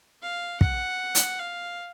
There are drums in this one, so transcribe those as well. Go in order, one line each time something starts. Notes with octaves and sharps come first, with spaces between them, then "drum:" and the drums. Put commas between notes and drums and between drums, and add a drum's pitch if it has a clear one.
F5
F#5, drum: kick
drum: hi-hat
F5